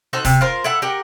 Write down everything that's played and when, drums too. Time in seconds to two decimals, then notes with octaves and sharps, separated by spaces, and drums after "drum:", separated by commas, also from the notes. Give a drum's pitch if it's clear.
0.13 D#4 F#4 A4 C5
0.25 C3, drum: kick, open hi-hat
0.41 F4 A#4 C5
0.64 E4 A4 E5 F#5
0.82 G4 A#4 F#5